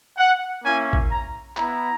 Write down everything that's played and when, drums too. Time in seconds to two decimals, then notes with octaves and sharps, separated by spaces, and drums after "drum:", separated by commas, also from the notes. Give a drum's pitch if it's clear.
0.17 F#5
0.64 A#3 C#4 E4 G#5
0.93 drum: kick A1
1.11 A#5
1.57 B3 E4 A#5, drum: clap